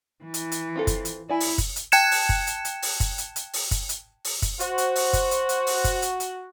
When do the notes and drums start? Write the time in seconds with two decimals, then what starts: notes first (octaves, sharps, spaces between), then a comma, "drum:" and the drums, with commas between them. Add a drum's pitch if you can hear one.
0.24 E3
0.34 drum: hi-hat
0.52 drum: hi-hat
0.76 C4 F4 A4
0.87 drum: kick, hi-hat
1.05 drum: hi-hat
1.29 E4 D5 G#5
1.40 drum: open hi-hat
1.58 drum: kick, hi-hat
1.76 drum: hi-hat
1.92 G5 A5 F#6 G#6 C#7 E7, drum: hi-hat
2.11 drum: open hi-hat
2.29 drum: kick
2.47 drum: hi-hat
2.65 drum: hi-hat
2.82 drum: open hi-hat
3.00 drum: kick, hi-hat
3.18 drum: hi-hat
3.36 drum: hi-hat
3.53 drum: open hi-hat
3.71 drum: kick, hi-hat
3.89 drum: hi-hat
4.25 drum: open hi-hat
4.42 drum: kick, hi-hat
4.60 F#4 C5, drum: hi-hat
4.78 drum: hi-hat
4.96 drum: open hi-hat
5.13 drum: kick, hi-hat
5.31 drum: hi-hat
5.49 drum: hi-hat
5.67 drum: open hi-hat
5.84 drum: kick, hi-hat
6.02 drum: hi-hat
6.20 drum: hi-hat